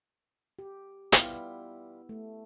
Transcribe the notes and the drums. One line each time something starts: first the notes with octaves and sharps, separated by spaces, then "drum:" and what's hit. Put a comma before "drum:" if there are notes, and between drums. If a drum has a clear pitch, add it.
G4
G3 B3 E4 F4, drum: hi-hat
A3